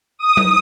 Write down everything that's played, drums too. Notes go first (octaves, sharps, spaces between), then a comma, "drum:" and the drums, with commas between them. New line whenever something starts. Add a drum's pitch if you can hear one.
D#6
drum: tom F#3